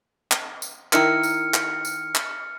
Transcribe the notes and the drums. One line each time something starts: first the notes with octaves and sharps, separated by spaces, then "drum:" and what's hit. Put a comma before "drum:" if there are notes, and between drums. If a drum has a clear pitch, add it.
drum: clap
drum: tambourine
D#3 E4 A#4 F6 C#7, drum: clap
drum: tambourine
drum: clap
drum: tambourine
drum: clap